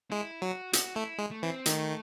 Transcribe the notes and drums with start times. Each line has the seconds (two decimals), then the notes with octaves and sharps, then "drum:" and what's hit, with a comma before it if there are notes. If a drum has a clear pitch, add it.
0.11 G#3 E4
0.42 F#3 F#4
0.73 F#4, drum: hi-hat
0.96 A3 E4
1.18 G#3
1.31 A3
1.43 E3 C4
1.66 D#3 A3, drum: hi-hat